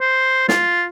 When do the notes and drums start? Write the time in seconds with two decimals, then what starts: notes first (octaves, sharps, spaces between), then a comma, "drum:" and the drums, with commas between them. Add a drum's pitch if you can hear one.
0.01 C5
0.48 F4, drum: snare